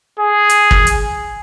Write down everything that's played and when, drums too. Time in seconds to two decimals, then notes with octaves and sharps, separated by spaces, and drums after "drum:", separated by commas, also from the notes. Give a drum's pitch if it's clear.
0.19 G#4
0.49 drum: hi-hat
0.71 drum: kick
0.87 drum: hi-hat